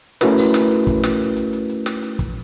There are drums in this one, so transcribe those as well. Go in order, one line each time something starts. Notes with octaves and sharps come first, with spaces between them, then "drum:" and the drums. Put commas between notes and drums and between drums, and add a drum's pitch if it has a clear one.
A3 C#4 E4 F#4 A#4 B4, drum: snare
drum: open hi-hat
drum: snare
drum: hi-hat
drum: kick, hi-hat
drum: snare
drum: hi-hat
drum: hi-hat
drum: hi-hat
drum: snare
drum: hi-hat
drum: kick, hi-hat